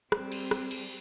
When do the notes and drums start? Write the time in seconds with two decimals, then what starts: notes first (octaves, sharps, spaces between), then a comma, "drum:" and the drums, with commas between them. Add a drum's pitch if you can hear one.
0.12 G3 C4, drum: rim click
0.32 drum: cymbal
0.51 drum: rim click
0.71 drum: cymbal